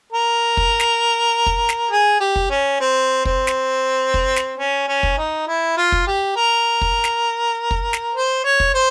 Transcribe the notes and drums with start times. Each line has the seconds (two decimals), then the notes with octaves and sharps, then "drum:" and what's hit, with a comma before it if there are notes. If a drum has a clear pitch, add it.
0.12 A#4
0.57 drum: kick
0.80 drum: snare
1.46 drum: kick
1.69 drum: snare
1.91 G#4
2.21 G4
2.36 drum: kick
2.50 C#4
2.80 C4
3.25 C4, drum: kick
3.47 drum: snare
4.14 drum: kick
4.36 drum: snare
4.58 C#4
4.88 C#4
5.03 drum: kick
5.18 D#4
5.48 E4
5.77 F4
5.92 drum: kick
6.07 G4
6.36 A#4
6.81 drum: kick
7.04 drum: snare
7.71 drum: kick
7.93 drum: snare
8.15 C5
8.45 C#5
8.60 drum: kick
8.74 C5